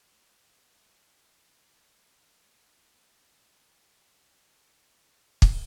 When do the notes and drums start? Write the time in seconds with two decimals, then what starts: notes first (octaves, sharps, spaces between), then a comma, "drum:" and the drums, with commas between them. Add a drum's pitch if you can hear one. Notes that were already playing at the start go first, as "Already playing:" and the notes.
0.22 F4 F#5 B5 C#6 D6
1.90 C#4
3.35 F3 C#4 F#4
5.42 drum: kick